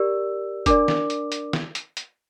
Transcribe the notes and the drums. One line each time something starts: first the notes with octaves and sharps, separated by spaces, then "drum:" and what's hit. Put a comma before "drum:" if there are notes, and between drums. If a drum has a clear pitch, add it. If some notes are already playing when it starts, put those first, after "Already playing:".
Already playing: G4 A#4 D5 E6
D4 A#4 D5 D6, drum: kick F1, hi-hat
drum: snare
drum: hi-hat
drum: hi-hat
drum: snare
drum: hi-hat
drum: hi-hat